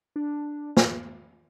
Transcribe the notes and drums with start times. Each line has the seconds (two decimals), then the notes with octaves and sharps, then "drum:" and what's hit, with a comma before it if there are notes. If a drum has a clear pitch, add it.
0.16 D4
0.77 drum: snare